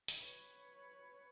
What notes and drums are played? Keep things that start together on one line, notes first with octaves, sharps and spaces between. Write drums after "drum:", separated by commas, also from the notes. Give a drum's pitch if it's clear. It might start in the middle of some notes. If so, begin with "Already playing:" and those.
drum: hi-hat
B4 C#5